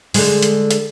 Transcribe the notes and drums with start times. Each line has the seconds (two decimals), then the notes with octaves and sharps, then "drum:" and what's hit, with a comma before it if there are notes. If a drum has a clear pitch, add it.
0.14 D3 G#3, drum: open hi-hat
0.42 drum: hi-hat
0.71 drum: hi-hat